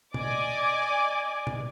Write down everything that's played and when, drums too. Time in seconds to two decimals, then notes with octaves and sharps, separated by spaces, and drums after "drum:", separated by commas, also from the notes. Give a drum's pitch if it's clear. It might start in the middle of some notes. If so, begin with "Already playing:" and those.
0.14 D5 D#5 G#5 D6, drum: tom
1.47 drum: tom